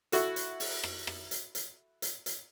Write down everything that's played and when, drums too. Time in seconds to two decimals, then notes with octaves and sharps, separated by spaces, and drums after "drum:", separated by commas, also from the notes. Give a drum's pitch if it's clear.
0.12 E4 F#4 A4, drum: hi-hat
0.36 drum: hi-hat
0.60 drum: open hi-hat
0.84 drum: rim click
1.07 drum: rim click
1.31 drum: hi-hat
1.55 drum: hi-hat
2.02 drum: hi-hat
2.26 drum: hi-hat